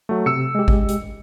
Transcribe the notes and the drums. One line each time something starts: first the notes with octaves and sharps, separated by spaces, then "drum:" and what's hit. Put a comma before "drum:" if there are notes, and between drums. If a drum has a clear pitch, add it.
F#3 A3
C3 E6 C#7
G#3 G4
drum: kick G#1
drum: hi-hat